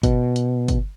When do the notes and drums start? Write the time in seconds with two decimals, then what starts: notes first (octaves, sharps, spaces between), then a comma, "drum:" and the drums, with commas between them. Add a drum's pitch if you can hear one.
0.03 B2, drum: kick, hi-hat
0.36 drum: hi-hat
0.68 drum: kick, hi-hat